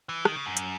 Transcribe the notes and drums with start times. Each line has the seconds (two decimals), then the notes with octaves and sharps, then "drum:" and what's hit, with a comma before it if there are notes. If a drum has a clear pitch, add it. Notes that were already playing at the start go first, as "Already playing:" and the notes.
0.09 E3
0.25 D#3, drum: rim click
0.36 C#3
0.46 F#2
0.57 drum: hi-hat